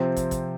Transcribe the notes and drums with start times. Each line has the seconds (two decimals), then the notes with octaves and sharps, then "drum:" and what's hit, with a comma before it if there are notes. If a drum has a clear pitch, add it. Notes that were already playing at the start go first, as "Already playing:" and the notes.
Already playing: C3 F3 C4
0.17 drum: kick, hi-hat
0.31 drum: kick, hi-hat